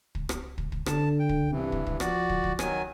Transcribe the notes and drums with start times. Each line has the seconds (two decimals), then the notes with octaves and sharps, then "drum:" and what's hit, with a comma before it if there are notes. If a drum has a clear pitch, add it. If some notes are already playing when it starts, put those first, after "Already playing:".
0.15 drum: kick
0.29 drum: rim click
0.58 drum: kick
0.72 drum: kick
0.86 D3 A5, drum: rim click
1.20 G5
1.29 drum: kick
1.51 G2 C3 E3
1.72 drum: kick
1.86 drum: kick
2.00 F3 F#4 D5, drum: rim click
2.29 drum: kick
2.44 drum: kick
2.59 D#3 F#3 G#5, drum: rim click